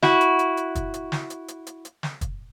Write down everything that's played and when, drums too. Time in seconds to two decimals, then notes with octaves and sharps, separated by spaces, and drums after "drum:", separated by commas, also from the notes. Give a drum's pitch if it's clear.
0.02 E4 F#4, drum: snare
0.21 drum: hi-hat
0.39 drum: hi-hat
0.57 drum: hi-hat
0.75 drum: kick, hi-hat
0.94 drum: hi-hat
1.12 drum: snare
1.30 drum: hi-hat
1.48 drum: hi-hat
1.67 drum: hi-hat
1.85 drum: hi-hat
2.03 drum: snare
2.21 drum: kick, hi-hat